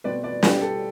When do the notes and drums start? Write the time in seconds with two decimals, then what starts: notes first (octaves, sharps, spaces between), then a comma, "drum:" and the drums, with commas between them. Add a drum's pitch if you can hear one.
0.04 B2 A3 C4 B4 D5
0.23 B4 D5
0.43 G4 B4, drum: snare
0.61 A4